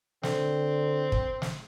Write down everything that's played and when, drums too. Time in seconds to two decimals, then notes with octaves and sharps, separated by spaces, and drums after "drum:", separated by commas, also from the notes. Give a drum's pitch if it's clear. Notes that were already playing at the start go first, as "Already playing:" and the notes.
0.23 D3 C4, drum: snare
1.12 drum: kick
1.42 drum: snare